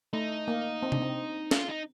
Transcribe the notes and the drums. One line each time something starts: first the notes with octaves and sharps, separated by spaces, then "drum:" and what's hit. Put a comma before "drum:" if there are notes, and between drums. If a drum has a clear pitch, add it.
A3 D#4
A#3
C4
D4, drum: tom C3
C4
F4, drum: snare
D#4